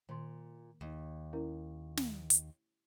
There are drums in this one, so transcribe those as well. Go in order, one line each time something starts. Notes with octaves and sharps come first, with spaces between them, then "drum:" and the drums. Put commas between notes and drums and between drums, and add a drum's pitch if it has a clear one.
A#2 D#3 C6
D#2
C#4 E4 A#4
drum: snare
drum: hi-hat